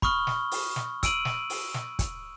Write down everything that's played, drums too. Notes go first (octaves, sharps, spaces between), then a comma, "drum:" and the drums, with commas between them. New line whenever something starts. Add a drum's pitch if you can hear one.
B5 C#6 D#6 F6 G7, drum: kick
drum: snare
drum: open hi-hat
drum: snare
E6 D7 D#7 F#7, drum: kick, hi-hat
drum: snare
drum: open hi-hat
drum: snare
drum: kick, hi-hat